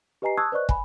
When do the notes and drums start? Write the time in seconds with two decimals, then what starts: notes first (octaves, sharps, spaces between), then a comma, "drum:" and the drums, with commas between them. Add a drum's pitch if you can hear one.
0.22 G4 B4 D#5 G#5 A#5 C7
0.38 A5 C#6 D#6 E6 F#6 G#6
0.52 B4 C5 D5 D#5 C#6 F#6
0.69 G#5 B5, drum: kick